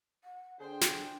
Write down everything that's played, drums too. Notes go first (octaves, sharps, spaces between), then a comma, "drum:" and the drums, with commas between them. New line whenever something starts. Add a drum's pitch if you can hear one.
F#5
D3 D4 G#4 C5 G5
drum: snare